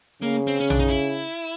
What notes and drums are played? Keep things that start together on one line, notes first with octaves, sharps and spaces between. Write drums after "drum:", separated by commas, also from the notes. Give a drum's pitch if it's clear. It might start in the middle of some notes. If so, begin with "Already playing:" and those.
C#3 A#3
C4
C#4
D4, drum: tom A#1
D#4
E4